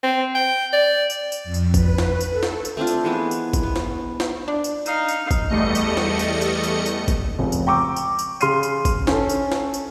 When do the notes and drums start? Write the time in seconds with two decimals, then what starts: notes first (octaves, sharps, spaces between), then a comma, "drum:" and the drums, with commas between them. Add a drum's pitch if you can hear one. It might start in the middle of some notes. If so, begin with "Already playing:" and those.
0.03 C4
0.35 G5
0.73 D5
1.10 drum: tambourine
1.32 drum: tambourine
1.44 F2
1.54 drum: tambourine
1.74 B4, drum: kick G1, tambourine
1.98 drum: snare
2.21 drum: tambourine
2.31 A4
2.43 drum: snare
2.65 drum: tambourine
2.77 A3 C4 D4 F4
2.87 drum: tambourine
3.04 E3 G#3 B3 G#4
3.31 drum: tambourine
3.53 drum: kick G1, tambourine
3.63 B3
3.76 drum: snare
4.20 drum: snare
4.48 D4
4.64 drum: tambourine
4.86 D#4 F5, drum: tambourine
5.09 drum: tambourine
5.31 drum: kick G1, tambourine
5.49 E2 G3 A3 D#5 C#7
5.75 drum: tambourine
5.97 drum: snare
6.19 drum: tambourine
6.41 drum: tambourine
6.64 drum: tambourine
6.86 drum: tambourine
7.08 drum: kick G1, tambourine
7.39 F1 C#2
7.52 drum: tambourine
7.67 G5 A#5 C#6 D6 E6
7.96 drum: tambourine
8.19 drum: tambourine
8.41 C#3 C6 F6 C7 D#7, drum: tambourine
8.63 drum: tambourine
8.85 drum: kick G1, tambourine
9.07 C#4 A4, drum: snare
9.29 drum: tambourine
9.52 drum: snare
9.74 drum: tambourine